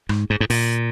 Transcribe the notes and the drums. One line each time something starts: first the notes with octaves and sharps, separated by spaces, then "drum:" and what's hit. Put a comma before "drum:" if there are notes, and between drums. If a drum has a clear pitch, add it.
G#2, drum: rim click
G#2
G#2
A#2, drum: open hi-hat